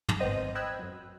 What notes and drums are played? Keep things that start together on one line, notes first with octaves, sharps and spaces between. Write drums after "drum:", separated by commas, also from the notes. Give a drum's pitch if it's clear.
drum: tom
G#1 B3 C4 C5 D#5 D#7
D#5 G5 B5 E6 F#6 G#6
F#2 F#3